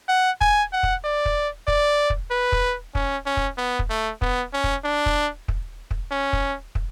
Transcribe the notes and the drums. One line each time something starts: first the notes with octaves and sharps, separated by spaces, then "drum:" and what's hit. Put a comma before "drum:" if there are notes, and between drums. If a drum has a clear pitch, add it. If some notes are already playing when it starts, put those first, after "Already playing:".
F#5
G#5, drum: kick
F#5
drum: kick
D5
drum: kick
D5, drum: kick
drum: kick
B4
drum: kick
C#4, drum: kick
C#4
drum: kick
B3
drum: kick
A3
B3, drum: kick
C#4
drum: kick
D4
drum: kick
drum: kick
drum: kick
C#4
drum: kick
drum: kick